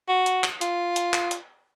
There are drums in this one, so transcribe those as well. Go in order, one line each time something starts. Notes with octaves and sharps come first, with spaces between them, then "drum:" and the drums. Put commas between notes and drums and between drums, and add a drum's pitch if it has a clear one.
F#4
drum: hi-hat
drum: clap
F4, drum: hi-hat
drum: hi-hat
drum: clap
drum: hi-hat